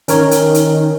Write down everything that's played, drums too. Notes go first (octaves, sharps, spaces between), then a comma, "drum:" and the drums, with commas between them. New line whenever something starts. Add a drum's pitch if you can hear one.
D#3 C#4 A#4 C#5, drum: hi-hat
drum: hi-hat
drum: hi-hat